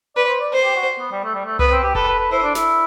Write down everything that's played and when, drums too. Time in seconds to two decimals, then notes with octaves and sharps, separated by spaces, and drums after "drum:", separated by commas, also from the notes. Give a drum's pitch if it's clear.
0.16 B4 D5
0.28 C5
0.40 D5
0.53 C5
0.64 G4
0.76 F#4
1.00 B3
1.12 G3
1.24 A3
1.35 G3
1.46 A3
1.59 B3 B4, drum: tom C2
1.72 C4
1.83 G4
1.95 A4 B4, drum: kick F1
2.08 B4
2.19 B4
2.31 E4 C5
2.43 D4
2.55 E4, drum: snare